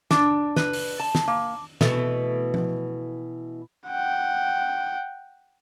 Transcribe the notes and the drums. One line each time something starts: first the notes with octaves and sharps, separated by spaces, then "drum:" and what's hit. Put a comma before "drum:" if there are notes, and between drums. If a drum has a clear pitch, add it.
D4, drum: snare
B4, drum: snare
drum: open hi-hat
A5
drum: snare
A#3
B2 E3 A3, drum: snare
drum: tom F3
F#5 G5